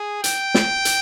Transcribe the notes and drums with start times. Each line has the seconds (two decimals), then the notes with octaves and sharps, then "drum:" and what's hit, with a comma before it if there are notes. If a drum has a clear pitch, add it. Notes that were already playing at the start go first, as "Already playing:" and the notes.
Already playing: G#4
0.24 G5, drum: hi-hat
0.54 drum: snare
0.85 drum: hi-hat